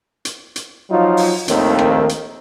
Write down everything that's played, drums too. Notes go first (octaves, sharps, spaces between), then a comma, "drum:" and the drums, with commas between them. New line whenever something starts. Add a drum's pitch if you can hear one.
drum: hi-hat
drum: hi-hat
F3 F#3 D#4 F4
drum: open hi-hat
A#1 D#2 D#3 A3 A#3 C4, drum: hi-hat
drum: rim click
drum: hi-hat